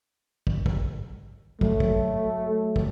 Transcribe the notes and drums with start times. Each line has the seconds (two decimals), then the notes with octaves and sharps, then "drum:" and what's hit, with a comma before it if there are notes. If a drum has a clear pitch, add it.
0.47 drum: kick
0.66 drum: kick
1.61 F#3 A3, drum: kick
1.80 drum: kick
2.76 drum: kick